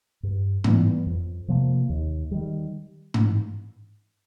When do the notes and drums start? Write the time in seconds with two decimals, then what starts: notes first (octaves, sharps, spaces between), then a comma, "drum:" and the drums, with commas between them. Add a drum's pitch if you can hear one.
0.23 G2
0.64 E3 G3 B3, drum: tom G#2
1.06 F2
1.48 C3 F3 A#3
1.89 D#2
2.31 D#3 G3
3.14 drum: tom G#2